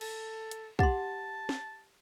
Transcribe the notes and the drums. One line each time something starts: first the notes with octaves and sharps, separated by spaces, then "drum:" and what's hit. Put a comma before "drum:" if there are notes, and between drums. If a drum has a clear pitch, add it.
A4, drum: cymbal
drum: hi-hat
G4 F#5 A5 C6 A6, drum: kick
drum: snare